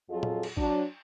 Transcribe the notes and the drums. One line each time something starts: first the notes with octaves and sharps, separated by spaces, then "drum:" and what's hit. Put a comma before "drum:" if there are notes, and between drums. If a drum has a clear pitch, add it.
F2 F#3 F4 G#4 A4 D#5
drum: tom A#2
drum: cymbal
F#3 D4, drum: kick G#1